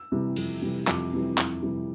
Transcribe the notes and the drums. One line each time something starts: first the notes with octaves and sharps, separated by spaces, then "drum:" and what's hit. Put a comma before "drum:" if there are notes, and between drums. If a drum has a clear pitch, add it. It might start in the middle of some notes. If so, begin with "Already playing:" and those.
Already playing: E6
C3 E3 G3
F2, drum: cymbal
C3 E3 G3
F2 D6, drum: clap
C3 E3 G3
F2, drum: clap
C3 E3 G3